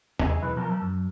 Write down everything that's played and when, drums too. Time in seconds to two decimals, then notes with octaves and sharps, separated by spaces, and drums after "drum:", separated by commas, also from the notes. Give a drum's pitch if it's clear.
0.19 G#4 D#5 E5 G#5, drum: tom E2
0.42 B1 E3 B4
0.55 B1 F3 A#4 G5 A5 A#5
0.69 F#3 A5
0.82 F#2